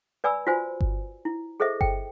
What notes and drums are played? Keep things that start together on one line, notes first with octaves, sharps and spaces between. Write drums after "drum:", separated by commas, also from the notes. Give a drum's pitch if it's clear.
B4 D5 G#5 B5 E6
F4 F#4 C5 G#5
drum: kick G1
E4
G#4 A4 C5 D#5 E5
G5, drum: kick G1